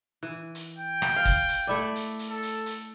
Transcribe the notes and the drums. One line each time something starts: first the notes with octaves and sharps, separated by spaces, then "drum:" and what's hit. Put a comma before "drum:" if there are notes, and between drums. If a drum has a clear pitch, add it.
E3
drum: hi-hat
G5
drum: rim click
F5
drum: kick, hi-hat
drum: hi-hat
A3 E4 D5
drum: hi-hat
drum: hi-hat
A4
drum: hi-hat
drum: hi-hat